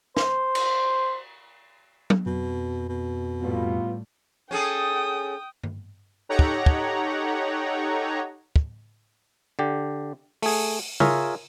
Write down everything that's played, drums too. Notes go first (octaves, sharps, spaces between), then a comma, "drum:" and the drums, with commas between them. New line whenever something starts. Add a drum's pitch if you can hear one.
C5, drum: snare
drum: cymbal
drum: tom
F2 B2
B2
A2 G3 B3 F4
C#4 G#4 A4 G5 D#6
drum: tom G2
D#4 G4 A4 C#5 F#5 A#5
drum: kick
drum: kick
drum: kick
D3 G4
A3 G#4, drum: open hi-hat
F4 G#4 A#4 C#5 E5, drum: tom C#3